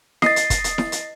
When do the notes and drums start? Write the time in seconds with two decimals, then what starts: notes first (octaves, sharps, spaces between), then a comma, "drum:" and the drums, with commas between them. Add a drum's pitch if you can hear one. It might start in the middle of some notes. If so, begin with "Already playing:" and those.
0.22 D#5 A6 C7, drum: snare E4
0.36 drum: hi-hat
0.50 drum: kick, hi-hat
0.64 drum: hi-hat
0.78 drum: snare E4
0.92 drum: hi-hat